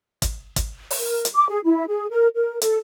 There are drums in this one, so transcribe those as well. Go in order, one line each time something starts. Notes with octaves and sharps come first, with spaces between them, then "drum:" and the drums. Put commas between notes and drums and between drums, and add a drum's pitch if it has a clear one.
drum: kick, hi-hat
drum: kick, hi-hat
drum: open hi-hat
A#4
drum: hi-hat
D6
G#4
E4
G#4
A#4
A#4
A4, drum: hi-hat